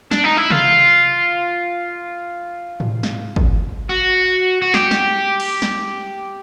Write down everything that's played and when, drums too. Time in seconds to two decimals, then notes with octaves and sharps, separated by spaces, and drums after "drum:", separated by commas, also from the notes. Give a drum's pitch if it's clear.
0.11 D4, drum: snare
0.24 D#4
0.37 E4
0.50 F4, drum: tom C3
2.80 drum: tom G#2
3.03 drum: snare
3.36 drum: kick
3.89 F#4
4.62 F#4
4.74 G4, drum: snare
4.91 drum: snare
5.40 drum: cymbal
5.62 drum: snare